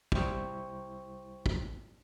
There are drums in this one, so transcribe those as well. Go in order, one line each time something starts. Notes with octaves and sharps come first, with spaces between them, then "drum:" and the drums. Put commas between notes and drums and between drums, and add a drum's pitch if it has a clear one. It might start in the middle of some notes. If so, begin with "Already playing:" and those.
C2 G3 E4 C5 G5 C#6, drum: kick
drum: kick